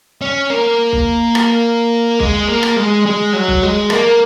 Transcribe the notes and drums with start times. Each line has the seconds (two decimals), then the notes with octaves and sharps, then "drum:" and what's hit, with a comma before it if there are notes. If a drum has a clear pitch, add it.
0.21 C#4
0.50 A#3
0.92 drum: kick B1
1.35 drum: rim click
2.20 G#3, drum: kick B1
2.48 A#3
2.63 drum: rim click
2.77 G#3
3.06 G#3
3.33 F#3
3.48 drum: kick B1
3.62 G#3
3.90 A#3, drum: rim click